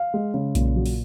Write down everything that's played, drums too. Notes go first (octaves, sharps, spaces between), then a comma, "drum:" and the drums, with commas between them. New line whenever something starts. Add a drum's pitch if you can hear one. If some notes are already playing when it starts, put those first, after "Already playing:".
Already playing: F5
G#3
C#3
A#2, drum: kick B1, hi-hat
F#3
drum: open hi-hat